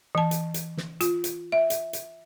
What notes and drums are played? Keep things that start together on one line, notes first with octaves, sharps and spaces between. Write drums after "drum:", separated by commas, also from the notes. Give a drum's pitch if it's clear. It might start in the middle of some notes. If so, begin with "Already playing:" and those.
E3 A5
drum: hi-hat
drum: hi-hat
drum: snare
F4, drum: hi-hat
drum: hi-hat
E5
drum: hi-hat
drum: hi-hat